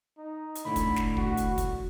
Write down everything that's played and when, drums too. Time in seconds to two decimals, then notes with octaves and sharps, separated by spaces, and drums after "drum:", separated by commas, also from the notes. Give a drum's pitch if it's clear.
0.18 D#4
0.55 drum: hi-hat
0.65 D2 A2 D3 B5
0.76 drum: kick, hi-hat
0.96 drum: snare
1.17 F#4, drum: kick
1.37 drum: hi-hat
1.58 drum: kick, hi-hat